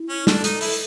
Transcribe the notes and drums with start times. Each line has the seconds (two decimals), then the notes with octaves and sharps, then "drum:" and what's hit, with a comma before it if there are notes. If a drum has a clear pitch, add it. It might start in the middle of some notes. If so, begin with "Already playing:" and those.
Already playing: E4
0.09 C#4
0.27 D4 A4, drum: snare
0.44 D#4, drum: hi-hat
0.61 E4, drum: open hi-hat